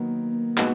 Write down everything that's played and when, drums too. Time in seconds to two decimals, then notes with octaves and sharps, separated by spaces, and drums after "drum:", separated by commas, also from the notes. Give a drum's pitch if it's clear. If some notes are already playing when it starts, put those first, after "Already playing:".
Already playing: D#3 F#3 A#3 B3
0.57 B2 G#3 B3 D#4 F#4, drum: clap